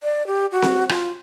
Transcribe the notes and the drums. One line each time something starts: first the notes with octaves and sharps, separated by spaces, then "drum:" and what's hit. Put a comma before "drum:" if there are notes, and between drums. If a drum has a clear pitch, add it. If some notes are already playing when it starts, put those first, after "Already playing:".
D5
G4
F#4
drum: snare C4
F4, drum: rim click